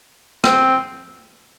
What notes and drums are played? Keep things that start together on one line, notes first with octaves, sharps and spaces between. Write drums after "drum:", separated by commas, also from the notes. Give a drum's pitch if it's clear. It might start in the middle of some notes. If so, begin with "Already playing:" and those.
C4, drum: rim click